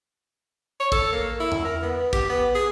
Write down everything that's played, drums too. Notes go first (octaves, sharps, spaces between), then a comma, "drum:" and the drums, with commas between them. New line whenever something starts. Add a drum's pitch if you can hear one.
C#5
A4, drum: kick, hi-hat
A#3
E4
drum: tom E2
A#4
B3
G4, drum: kick, hi-hat
B3
G#4